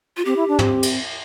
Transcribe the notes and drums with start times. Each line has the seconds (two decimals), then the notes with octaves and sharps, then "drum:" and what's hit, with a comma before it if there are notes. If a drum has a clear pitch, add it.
0.17 F4
0.25 C4 G4
0.36 E4
0.48 D4
0.59 C4, drum: tom
0.83 drum: cymbal